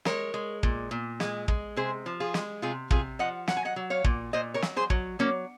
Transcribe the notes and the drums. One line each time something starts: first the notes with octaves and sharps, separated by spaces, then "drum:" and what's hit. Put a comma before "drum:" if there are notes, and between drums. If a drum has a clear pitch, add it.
G#3 A#4 C#5, drum: snare
G#3
A#2, drum: kick
A#2
G#3, drum: snare
G#3, drum: kick
C3 G#4 C5
F3
F4 G#4
G#3, drum: snare
C3 F4 G#4
C3 F4 G#4, drum: kick
F3 D#5 F#5
F#3 F#5, drum: snare
G#5
D#5 F#5
F#3
C#5 F5
A#2, drum: kick
A#2 C5 D#5
A#4 C#5
F#3, drum: snare
G#4 C5
F#3, drum: kick
F#3 A#3 C#4